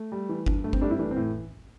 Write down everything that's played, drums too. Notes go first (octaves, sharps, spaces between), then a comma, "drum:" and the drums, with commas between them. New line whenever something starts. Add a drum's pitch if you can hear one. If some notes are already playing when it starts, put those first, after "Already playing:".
Already playing: A3
G3
E3
G2, drum: kick G1
G2 A3
C4, drum: kick G1
G3 A3 D4
C4 E4
E3 A3 D4
C4
A2